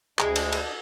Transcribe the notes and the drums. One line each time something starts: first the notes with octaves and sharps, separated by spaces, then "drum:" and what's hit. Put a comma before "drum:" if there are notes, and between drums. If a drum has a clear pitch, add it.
D2 G#3 D4 E4 G4 G#4 D#5, drum: clap
drum: cymbal
drum: cymbal